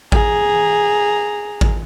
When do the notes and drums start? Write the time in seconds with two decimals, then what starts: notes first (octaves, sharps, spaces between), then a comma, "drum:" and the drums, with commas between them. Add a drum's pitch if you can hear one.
0.12 G#4 A#5, drum: kick G#1
1.61 drum: kick G#1